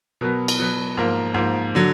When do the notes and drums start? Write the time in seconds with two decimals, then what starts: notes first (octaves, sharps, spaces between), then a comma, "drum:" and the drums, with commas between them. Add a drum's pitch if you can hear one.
0.21 B2 F#3 B3 A#4
0.48 drum: cymbal
0.59 B2 F#3 B3
0.97 G#2 F3 A#3 A#4
1.34 G#2 F3 A#3
1.75 D3 F#3